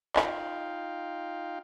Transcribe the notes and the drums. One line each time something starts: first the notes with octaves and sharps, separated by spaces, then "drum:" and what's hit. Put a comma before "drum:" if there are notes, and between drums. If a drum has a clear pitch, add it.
D#4 F4 F5 G5, drum: clap